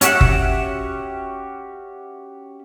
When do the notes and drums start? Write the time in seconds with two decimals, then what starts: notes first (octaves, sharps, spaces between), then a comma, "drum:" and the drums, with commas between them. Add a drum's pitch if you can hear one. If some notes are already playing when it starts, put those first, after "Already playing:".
0.01 C#4 F#4 G4 E5 F#5, drum: hi-hat
0.21 drum: kick F#1